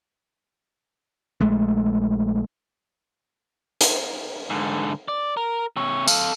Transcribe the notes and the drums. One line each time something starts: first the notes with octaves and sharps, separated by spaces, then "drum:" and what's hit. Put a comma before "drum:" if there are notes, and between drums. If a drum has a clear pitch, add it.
A#1 G#3 A3
drum: hi-hat
G#2 D3
D5
A#4
C3 C#5
A4 F5, drum: tambourine